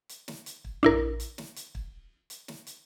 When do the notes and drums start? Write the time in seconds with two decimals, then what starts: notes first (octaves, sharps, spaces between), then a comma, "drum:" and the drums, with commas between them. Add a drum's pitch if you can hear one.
0.09 drum: hi-hat
0.28 drum: snare
0.46 drum: hi-hat
0.64 drum: kick
0.83 D4 E4 A#4, drum: tom A#1
1.20 drum: hi-hat
1.38 drum: snare
1.56 drum: hi-hat
1.75 drum: kick
2.30 drum: hi-hat
2.48 drum: snare
2.67 drum: hi-hat